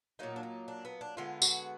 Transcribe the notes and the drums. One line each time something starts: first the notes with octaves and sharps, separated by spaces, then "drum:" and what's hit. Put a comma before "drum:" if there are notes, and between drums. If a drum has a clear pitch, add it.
A#2 F#3 A#3 D#4
D4
D#4
D4
B3
D4
D3 G#3 B3 F4
F#4, drum: tambourine